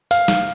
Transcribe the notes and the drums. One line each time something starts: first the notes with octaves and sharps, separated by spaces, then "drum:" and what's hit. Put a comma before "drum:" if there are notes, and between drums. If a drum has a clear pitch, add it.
F5, drum: open hi-hat
drum: snare